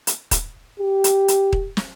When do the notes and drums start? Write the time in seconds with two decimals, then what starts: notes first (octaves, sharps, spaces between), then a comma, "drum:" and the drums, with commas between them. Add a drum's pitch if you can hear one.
0.07 drum: hi-hat
0.31 drum: kick D#1, hi-hat
0.80 G4
1.04 drum: hi-hat
1.28 drum: hi-hat
1.53 drum: kick D#1
1.77 drum: snare